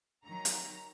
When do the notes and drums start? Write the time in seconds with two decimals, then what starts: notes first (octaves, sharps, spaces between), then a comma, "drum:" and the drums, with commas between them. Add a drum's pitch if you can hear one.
0.25 D#3 F#3 A#5
0.45 drum: hi-hat